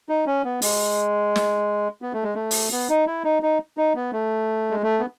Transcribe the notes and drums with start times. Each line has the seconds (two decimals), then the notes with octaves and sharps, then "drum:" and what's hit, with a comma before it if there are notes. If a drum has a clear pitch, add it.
0.09 D#4
0.27 C#4
0.44 B3
0.62 G#3, drum: open hi-hat
1.36 drum: snare
2.02 B3
2.13 A3
2.23 G#3
2.35 A3
2.51 drum: open hi-hat
2.72 B3
2.89 D#4
3.07 E4
3.24 D#4
3.43 D#4
3.77 D#4
3.95 B3
4.13 A3
4.70 G#3
4.83 A3
4.99 B3